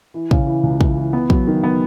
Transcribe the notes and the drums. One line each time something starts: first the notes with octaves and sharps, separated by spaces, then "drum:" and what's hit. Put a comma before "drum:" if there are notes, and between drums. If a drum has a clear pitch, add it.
E3
C#3, drum: kick
E3
C#2
E3, drum: kick
E3
B3
F#3, drum: kick
D#3
B3